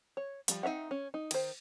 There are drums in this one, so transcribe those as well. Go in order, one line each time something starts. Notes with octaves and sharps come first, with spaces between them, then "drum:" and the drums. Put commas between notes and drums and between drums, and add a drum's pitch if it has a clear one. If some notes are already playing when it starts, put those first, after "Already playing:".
C#5
F3 G3 A#3, drum: hi-hat
C4 D#4 C#5 E5 F#5
C#4
D#4
D#3 C5, drum: cymbal